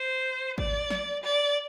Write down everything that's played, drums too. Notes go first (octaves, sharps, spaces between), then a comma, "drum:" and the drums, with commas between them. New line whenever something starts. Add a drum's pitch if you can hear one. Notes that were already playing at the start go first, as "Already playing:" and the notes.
Already playing: C5
D5, drum: kick G#1
drum: snare
D5